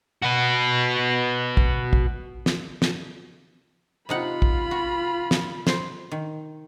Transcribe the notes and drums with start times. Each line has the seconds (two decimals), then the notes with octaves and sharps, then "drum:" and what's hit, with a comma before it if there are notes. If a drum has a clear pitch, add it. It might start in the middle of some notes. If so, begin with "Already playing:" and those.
0.22 F#4 B4
1.57 drum: kick
1.93 drum: kick
2.46 drum: snare
2.82 drum: snare
4.09 C3 D#4 F4 F#5 B5
4.42 drum: kick
4.71 F#4
5.31 drum: snare
5.67 C5, drum: snare
6.11 D#3